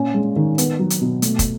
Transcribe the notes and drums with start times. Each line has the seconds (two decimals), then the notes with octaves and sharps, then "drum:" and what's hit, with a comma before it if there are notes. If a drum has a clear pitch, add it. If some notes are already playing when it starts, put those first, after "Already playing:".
Already playing: A#2 C#4
0.14 G#3
0.36 D#3
0.58 B3, drum: hi-hat
0.79 F#3
0.90 drum: hi-hat
1.01 B2
1.22 A3, drum: hi-hat
1.39 drum: kick, hi-hat